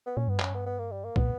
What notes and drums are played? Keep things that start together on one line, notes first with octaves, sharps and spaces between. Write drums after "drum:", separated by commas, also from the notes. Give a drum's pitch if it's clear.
B3
A#2 C#4
G2 B3
F#2 C#4, drum: clap
G2 B3
B3
A#3
G3
A#3
A#2 B3, drum: kick